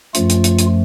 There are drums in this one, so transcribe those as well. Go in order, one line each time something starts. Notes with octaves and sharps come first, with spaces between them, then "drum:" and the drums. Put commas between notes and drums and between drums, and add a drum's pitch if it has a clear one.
F#2 F3 A3 F4, drum: hi-hat
drum: hi-hat
drum: hi-hat
drum: hi-hat